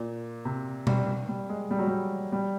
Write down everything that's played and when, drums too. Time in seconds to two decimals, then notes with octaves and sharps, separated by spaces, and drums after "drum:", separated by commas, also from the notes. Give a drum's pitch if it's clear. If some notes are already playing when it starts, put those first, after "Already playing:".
Already playing: A#2
0.45 C3
0.87 G3, drum: tom B2
1.29 G3
1.49 G#3
1.71 G3
1.79 F#3
1.87 G3
2.32 G3